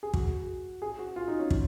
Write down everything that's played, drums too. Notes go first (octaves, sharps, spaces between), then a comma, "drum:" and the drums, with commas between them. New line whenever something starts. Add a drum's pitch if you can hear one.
G#4
F#4, drum: kick
G#4
F#4
F4
D#4
C#4
drum: kick